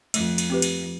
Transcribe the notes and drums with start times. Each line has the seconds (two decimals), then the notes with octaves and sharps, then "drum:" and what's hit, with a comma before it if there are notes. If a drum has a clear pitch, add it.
0.14 F2 A3, drum: cymbal
0.38 drum: cymbal
0.50 C4 G4 B4
0.62 drum: cymbal